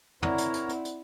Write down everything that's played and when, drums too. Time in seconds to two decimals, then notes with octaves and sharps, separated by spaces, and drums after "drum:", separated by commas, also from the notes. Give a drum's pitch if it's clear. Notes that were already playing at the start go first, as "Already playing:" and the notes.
0.22 C4 E4 A#4 C#5 D5 F#5 A#5, drum: tom
0.38 drum: hi-hat
0.54 drum: hi-hat
0.69 drum: hi-hat
0.85 drum: hi-hat